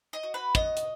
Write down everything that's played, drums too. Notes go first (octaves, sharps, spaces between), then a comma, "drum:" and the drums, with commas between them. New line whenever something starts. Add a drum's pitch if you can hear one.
D#5
F#4
B4
B3 D#5, drum: kick
drum: hi-hat